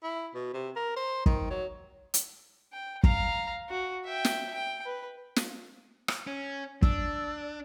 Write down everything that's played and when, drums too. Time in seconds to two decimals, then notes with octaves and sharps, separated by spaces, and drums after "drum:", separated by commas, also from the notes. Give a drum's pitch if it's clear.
0.03 E4
0.34 B2
0.54 C3
0.76 A#4
0.96 C5
1.26 D#3, drum: kick
1.50 F#3
2.14 drum: hi-hat
2.72 G5
3.03 F5 A#5, drum: kick
3.69 F#4
4.05 E5 G5
4.25 drum: snare
4.54 G5
4.86 B4
5.36 drum: snare
6.08 drum: rim click
6.27 C#4
6.82 D4 E6, drum: kick